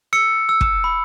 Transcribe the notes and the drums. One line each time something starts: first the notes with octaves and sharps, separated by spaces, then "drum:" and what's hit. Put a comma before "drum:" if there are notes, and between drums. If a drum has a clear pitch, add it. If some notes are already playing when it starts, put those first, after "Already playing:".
E6 C#7
E6
drum: kick
B5